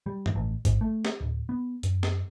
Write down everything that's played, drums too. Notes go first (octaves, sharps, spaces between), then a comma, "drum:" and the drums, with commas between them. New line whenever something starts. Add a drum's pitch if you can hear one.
G3
drum: tom G2
A1
G#2, drum: kick G#1, hi-hat
A3
drum: snare
D1
B3
F#2, drum: hi-hat
drum: snare